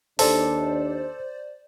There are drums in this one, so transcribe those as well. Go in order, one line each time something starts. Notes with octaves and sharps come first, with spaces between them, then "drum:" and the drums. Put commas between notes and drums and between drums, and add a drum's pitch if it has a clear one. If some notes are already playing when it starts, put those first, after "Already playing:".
D#2 D4 A4 C5 D5, drum: open hi-hat